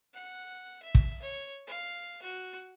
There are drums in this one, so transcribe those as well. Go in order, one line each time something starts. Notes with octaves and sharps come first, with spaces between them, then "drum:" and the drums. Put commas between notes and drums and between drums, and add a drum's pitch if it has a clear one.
F#5
E5
drum: kick
C#5
F5
F#4